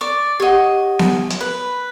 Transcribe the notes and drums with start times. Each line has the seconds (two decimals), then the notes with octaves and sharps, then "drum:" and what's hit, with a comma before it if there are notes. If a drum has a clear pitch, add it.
0.01 D5 C#6
0.40 G4 C#5 D#5 F#5
0.99 drum: snare B3
1.30 drum: hi-hat
1.41 B4 B5